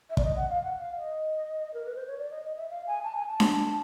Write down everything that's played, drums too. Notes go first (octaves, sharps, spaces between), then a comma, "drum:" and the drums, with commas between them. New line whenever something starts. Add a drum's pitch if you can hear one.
E5
D5, drum: kick
D#5
F#5
F5
F#5
F5
D#5
A#4
B4
C5
C#5
D5
D#5
D#5
E5
F5
G#5
A5
G#5
A5
drum: snare D4